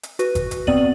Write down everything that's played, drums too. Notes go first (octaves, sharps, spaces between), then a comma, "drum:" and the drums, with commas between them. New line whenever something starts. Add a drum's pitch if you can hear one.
drum: hi-hat
F#4 B4, drum: hi-hat
drum: kick G1, hi-hat
drum: hi-hat
B3 C4 D5 D#7 F#7, drum: kick G1